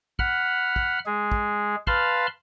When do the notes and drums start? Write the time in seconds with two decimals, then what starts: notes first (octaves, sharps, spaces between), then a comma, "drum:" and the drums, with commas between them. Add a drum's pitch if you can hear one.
0.19 F#5 B5 F6, drum: kick
0.76 drum: kick
1.06 G#3 G#4
1.32 drum: kick
1.87 B4 F5 A5 B5 C6 F6, drum: kick